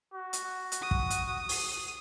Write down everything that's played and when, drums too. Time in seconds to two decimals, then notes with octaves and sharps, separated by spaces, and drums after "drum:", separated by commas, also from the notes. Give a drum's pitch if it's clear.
0.14 F#4
0.33 drum: hi-hat
0.72 drum: hi-hat
0.82 D#6
0.91 drum: kick
1.10 drum: hi-hat
1.49 drum: open hi-hat